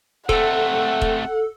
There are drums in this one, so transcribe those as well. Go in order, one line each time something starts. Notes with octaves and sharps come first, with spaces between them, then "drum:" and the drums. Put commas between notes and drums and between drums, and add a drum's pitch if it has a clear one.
C3 A3 A4 F#5, drum: kick D#1
drum: kick D#1